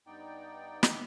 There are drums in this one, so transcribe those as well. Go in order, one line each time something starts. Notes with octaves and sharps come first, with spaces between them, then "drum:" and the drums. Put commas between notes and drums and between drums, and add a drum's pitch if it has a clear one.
G2 B3 D#4 D5 G5
drum: snare